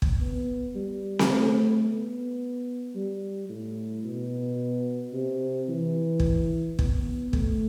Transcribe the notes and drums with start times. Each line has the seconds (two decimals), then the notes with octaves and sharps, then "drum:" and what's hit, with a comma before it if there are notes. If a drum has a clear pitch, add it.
0.02 drum: kick
0.20 B3
0.75 G3
1.19 drum: snare C4
1.30 A3
1.85 B3
2.95 G3
3.49 A2
4.04 B2
5.13 C3
5.69 E3
6.20 drum: kick
6.79 B3, drum: kick
7.33 A3, drum: kick